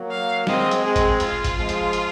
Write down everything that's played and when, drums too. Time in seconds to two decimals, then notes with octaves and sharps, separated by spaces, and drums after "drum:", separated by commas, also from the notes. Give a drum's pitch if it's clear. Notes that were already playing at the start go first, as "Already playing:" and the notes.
Already playing: F#3 A#3
0.11 F5
0.47 G#3 C4 D#5, drum: snare
0.71 drum: hi-hat
0.84 G#3 C4 G#4
0.96 drum: kick, hi-hat
1.20 F4, drum: hi-hat
1.44 drum: kick, hi-hat
1.56 F3 G#3
1.69 drum: hi-hat
1.93 drum: hi-hat